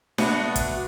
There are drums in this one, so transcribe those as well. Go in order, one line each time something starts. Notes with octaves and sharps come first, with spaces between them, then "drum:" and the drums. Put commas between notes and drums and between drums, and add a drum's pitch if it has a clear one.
A3 B3 D4 F#4, drum: snare D4
drum: kick, hi-hat